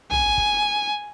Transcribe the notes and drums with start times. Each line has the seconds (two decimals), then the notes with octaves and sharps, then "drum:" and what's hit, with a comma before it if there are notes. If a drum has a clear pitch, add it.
0.11 G#5, drum: tom
0.38 drum: kick